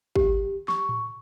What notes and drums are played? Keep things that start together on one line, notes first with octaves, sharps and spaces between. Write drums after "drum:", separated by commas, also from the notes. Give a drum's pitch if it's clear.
G4, drum: kick
C#6, drum: snare
drum: tom A2